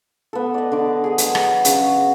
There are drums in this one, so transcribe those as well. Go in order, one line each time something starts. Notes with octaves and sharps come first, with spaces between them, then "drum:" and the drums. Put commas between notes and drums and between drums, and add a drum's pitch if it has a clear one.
B3 A4
D5 D#5
D3 D6
G#4 D#5
F#3, drum: hi-hat
drum: rim click
C#3 F#4, drum: hi-hat